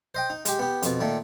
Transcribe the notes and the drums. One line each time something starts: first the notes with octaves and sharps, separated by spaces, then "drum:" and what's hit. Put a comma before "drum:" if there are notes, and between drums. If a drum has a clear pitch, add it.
C5 D#5 G5
D#4
G#3 G4, drum: hi-hat
B3 G4
F2 B2, drum: hi-hat
A#2 D#3 A3